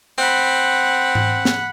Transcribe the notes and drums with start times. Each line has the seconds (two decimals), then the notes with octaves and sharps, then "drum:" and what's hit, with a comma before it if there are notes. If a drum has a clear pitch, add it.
0.18 C4 F#5 B5
1.15 drum: tom G#2
1.45 drum: snare